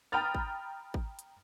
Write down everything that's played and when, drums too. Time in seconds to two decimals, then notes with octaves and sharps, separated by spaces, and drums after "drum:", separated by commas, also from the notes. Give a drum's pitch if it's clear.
0.12 G5 A#5 B5 D#6 F6 A6
0.35 drum: kick G#1
0.94 drum: kick G#1
1.19 drum: hi-hat